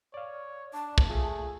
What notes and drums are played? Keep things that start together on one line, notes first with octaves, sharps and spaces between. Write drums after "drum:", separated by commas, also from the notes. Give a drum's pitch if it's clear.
C#5 D5 F5
D4 A5
drum: kick
A3 F4 G#4